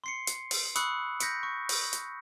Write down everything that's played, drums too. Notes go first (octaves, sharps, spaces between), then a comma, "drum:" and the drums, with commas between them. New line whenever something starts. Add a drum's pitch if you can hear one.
C6 C7 C#7
drum: hi-hat
drum: open hi-hat
B5 C#6 D#6 E6 F#6 C#7, drum: hi-hat
G6 A#6 B6 C#7 D7, drum: hi-hat
C#6
drum: open hi-hat
drum: hi-hat